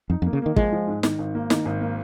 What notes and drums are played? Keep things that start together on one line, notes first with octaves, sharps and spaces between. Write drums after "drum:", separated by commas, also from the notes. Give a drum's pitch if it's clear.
F2 D#4
F2
A#3
C#3
D#3 A#3
F3 G#3, drum: kick
F3
G#2
D#3, drum: snare
G#1
A#3
D#3, drum: snare
G#1
A#3